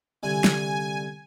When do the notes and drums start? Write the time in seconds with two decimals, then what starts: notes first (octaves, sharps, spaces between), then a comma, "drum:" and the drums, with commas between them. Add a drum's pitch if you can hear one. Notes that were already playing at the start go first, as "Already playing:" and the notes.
0.23 C2 D3 G#5
0.44 drum: snare